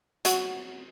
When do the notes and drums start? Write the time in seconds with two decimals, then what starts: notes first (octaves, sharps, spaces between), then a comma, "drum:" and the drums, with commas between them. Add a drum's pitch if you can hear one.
0.25 F#3 F#4, drum: hi-hat